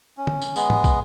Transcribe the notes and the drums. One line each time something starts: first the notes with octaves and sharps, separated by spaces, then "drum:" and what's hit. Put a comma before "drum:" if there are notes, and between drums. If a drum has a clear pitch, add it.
C#4
drum: tom
drum: tambourine
G#3 B3 G#4, drum: tambourine
drum: tom
drum: kick, tambourine